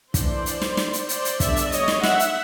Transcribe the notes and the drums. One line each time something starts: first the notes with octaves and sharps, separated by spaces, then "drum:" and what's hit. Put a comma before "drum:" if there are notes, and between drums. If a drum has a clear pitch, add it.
E3 A3 D4 C5 D5, drum: kick, hi-hat
drum: hi-hat
drum: snare
drum: snare
drum: hi-hat
C5 D5, drum: hi-hat
drum: hi-hat
D3 G3 B3 D4 D5 E5, drum: kick, hi-hat
drum: hi-hat
C#5 D#5, drum: hi-hat
drum: snare
E5 F#5, drum: snare
drum: hi-hat